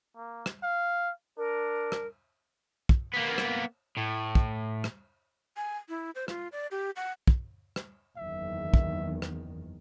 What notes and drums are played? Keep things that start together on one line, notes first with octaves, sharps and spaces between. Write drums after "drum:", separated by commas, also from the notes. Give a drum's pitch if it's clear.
A#3
drum: rim click
F5
D4 A#4
drum: rim click
drum: kick
A#3 B3
drum: rim click
A2
drum: kick
drum: rim click
G#5
E4
C5
F4, drum: rim click
D5
G4
F#5
drum: kick
drum: rim click
F#1 E2 D#3 E5
drum: kick
drum: rim click